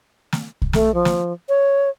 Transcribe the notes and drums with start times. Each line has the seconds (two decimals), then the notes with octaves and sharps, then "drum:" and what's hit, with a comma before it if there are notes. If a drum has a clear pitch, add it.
0.33 drum: snare
0.62 drum: kick B1
0.73 A3, drum: snare
0.94 F3
1.05 drum: snare
1.49 C#5